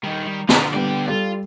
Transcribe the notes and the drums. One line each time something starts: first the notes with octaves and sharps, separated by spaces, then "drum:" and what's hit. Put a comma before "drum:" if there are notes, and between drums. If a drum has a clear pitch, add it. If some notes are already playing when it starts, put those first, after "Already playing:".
D#3 G3 D#4
G3
D3 F3, drum: snare
G3 B3 G4 D5
G3 F4 A4